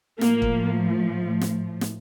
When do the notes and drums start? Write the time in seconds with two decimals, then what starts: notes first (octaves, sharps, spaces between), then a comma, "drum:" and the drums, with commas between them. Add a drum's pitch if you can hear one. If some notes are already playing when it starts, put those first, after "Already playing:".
0.21 A2 F3 A#3, drum: snare
0.42 drum: kick
1.41 drum: snare
1.81 drum: snare